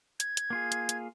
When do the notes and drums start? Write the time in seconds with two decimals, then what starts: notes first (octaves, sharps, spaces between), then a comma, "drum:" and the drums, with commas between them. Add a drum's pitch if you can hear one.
0.20 G#6, drum: hi-hat
0.37 drum: hi-hat
0.50 A#3 F4 G#4
0.72 drum: hi-hat
0.89 drum: hi-hat